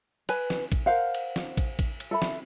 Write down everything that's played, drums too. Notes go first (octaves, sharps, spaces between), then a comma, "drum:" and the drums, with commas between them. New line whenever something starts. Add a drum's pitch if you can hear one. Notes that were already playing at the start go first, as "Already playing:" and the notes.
B4 G#5, drum: cymbal
drum: snare
drum: kick, cymbal
A#4 C5 F5 F#5
drum: cymbal
drum: snare
drum: kick, cymbal
drum: kick, cymbal
drum: cymbal
A4 E5 B5
drum: snare